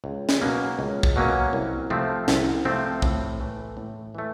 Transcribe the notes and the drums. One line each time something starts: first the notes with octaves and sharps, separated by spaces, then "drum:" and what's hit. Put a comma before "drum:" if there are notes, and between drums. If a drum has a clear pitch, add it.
C#2
drum: snare
B2 F#3 A#3 C#4
C#2
drum: kick
B2 F#3 A#3 C#4
C2
C3 F3 A3 C4
C2, drum: snare
C3 F3 A3 C4
A2, drum: kick
E3 A3
A2
E3 A3